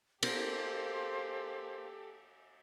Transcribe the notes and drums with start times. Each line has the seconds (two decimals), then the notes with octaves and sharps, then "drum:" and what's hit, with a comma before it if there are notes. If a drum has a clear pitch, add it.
0.23 A#3 G4 A4 C5 F5 C6, drum: cymbal